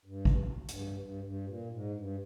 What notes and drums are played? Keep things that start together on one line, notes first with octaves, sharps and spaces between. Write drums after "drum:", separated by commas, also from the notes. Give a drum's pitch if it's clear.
G2
drum: kick
G2, drum: hi-hat
G2
G2
A#2
G#2
G2